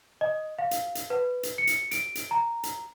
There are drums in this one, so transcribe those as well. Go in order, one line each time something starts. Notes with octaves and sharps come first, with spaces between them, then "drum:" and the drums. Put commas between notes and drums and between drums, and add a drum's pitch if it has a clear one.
D#5
F5
drum: hi-hat
drum: hi-hat
B4
drum: hi-hat
C#7
drum: hi-hat
D7, drum: hi-hat
drum: hi-hat
A#5
drum: hi-hat